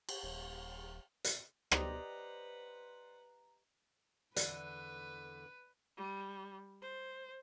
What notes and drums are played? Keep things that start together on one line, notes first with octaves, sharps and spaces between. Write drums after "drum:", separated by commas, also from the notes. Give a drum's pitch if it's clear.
drum: cymbal
D#1
drum: hi-hat
G4 B4 C5 D5 D#5 F#5 A#5, drum: rim click
E2 D3 B4 D5, drum: hi-hat
G3
C5